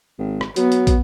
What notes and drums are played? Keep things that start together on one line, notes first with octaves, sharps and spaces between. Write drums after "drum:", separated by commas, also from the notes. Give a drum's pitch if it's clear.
G#1
drum: rim click
F#3 B3, drum: hi-hat
drum: hi-hat
drum: kick, hi-hat